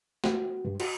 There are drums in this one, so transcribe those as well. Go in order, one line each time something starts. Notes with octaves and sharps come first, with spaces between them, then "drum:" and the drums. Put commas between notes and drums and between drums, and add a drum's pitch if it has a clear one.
F#4, drum: snare
G2
F#4, drum: cymbal